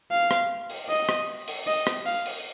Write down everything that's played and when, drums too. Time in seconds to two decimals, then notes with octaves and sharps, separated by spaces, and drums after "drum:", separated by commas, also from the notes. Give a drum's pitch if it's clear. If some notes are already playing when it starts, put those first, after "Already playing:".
0.11 F5
0.31 drum: rim click
0.70 drum: open hi-hat
0.89 D#5
1.09 drum: rim click
1.48 drum: open hi-hat
1.67 D#5
1.87 drum: rim click
2.06 F5
2.26 drum: open hi-hat